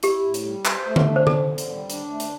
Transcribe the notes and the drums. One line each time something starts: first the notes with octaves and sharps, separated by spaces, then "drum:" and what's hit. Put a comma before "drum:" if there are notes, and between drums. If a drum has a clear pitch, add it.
E4 G4, drum: hi-hat
A2
drum: hi-hat
G3
C5, drum: clap
A3
drum: tom D3
D4
C5
D3 A4, drum: tom D3
D3
drum: hi-hat
G3
D4, drum: hi-hat
A3
drum: hi-hat